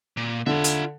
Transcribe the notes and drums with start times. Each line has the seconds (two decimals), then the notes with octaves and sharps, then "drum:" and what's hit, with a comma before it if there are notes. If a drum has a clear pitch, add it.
0.17 A#2
0.46 D3 F4 E5
0.64 drum: hi-hat